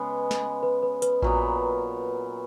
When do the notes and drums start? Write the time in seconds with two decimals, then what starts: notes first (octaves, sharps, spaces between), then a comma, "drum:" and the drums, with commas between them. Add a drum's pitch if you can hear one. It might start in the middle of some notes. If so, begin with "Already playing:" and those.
Already playing: C#3 G#3 B3 B4
0.31 drum: snare
0.63 B4
0.83 B4
1.02 B4, drum: hi-hat
1.22 A#2 F#3 B3, drum: kick A#1